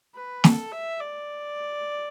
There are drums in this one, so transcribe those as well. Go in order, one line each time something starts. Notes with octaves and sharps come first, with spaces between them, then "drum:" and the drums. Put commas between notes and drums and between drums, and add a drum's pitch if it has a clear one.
B4
A4, drum: snare
E5
D5